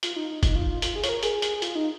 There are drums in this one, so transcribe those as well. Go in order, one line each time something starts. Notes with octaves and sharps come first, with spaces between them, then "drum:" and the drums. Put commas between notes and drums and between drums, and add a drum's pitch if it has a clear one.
F4, drum: hi-hat
D#4
D#4
D#4, drum: kick F#1, hi-hat
F4
F4
F4, drum: hi-hat
G#4
C#5, drum: hi-hat
A#4
G#4, drum: hi-hat
drum: hi-hat
G#4
F4, drum: hi-hat
D#4